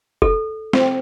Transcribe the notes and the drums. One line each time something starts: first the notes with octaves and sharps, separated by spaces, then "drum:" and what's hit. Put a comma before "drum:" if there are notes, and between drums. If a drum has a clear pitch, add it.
A4, drum: kick F1
C4, drum: snare